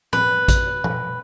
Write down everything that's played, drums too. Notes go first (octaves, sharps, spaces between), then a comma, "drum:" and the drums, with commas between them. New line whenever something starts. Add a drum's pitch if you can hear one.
B4, drum: tom A2
drum: kick A1, hi-hat
drum: tom